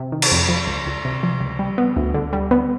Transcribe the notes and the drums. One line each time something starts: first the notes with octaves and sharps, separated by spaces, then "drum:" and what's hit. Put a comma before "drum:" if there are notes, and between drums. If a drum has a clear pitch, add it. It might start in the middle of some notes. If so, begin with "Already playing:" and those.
Already playing: C3
D#3
drum: cymbal
F2
F3
C#2
C#2
C3
F3
C#2
G3
B3
D2
D3
G3
B3